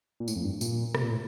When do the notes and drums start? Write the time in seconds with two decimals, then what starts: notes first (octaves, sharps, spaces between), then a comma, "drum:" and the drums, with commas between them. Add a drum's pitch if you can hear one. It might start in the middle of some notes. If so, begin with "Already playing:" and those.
0.20 A#2
0.28 A2, drum: tambourine
0.36 F2
0.44 G2
0.61 A#2, drum: tambourine
0.95 C3, drum: rim click
1.03 A#2
1.11 A2